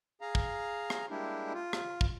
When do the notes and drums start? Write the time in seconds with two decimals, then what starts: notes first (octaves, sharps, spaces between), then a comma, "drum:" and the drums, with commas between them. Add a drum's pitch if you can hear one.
0.21 G#4 F5 A#5
0.35 drum: kick
0.90 drum: rim click
1.10 G3 G#3 A#3 D4 E4 G4
1.54 F4
1.73 drum: rim click
2.01 drum: kick